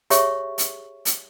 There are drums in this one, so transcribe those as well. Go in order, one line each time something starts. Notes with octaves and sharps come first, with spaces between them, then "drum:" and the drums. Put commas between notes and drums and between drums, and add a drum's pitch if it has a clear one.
G4 G#4 C#5 E5 C#6, drum: hi-hat
drum: hi-hat
drum: hi-hat